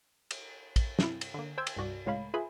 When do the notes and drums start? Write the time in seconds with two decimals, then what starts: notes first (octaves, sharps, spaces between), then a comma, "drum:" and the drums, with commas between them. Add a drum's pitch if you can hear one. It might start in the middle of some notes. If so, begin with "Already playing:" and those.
0.31 drum: cymbal
0.76 drum: kick, cymbal
0.99 G2 C3 E4, drum: snare
1.21 drum: cymbal
1.34 D3 A#3
1.58 C5 G5 C6 E6 G6 G#6
1.67 drum: cymbal
1.76 C2 G2 F#4 D5
2.06 C#2 A2 G#3 C#5 F5 B5
2.34 F4 G#4 B4 E5 G#5 B5